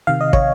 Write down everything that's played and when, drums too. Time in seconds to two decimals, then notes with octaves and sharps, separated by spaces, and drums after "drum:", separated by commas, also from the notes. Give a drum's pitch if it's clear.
0.07 C3 D#3 F5
0.21 D#5
0.33 C#5, drum: kick